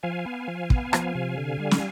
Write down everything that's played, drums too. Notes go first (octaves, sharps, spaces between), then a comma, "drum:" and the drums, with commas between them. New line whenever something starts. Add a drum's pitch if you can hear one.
F3 F5 G#5
B3
F3
B3, drum: kick
F3, drum: rim click
C3
D3
G3
drum: snare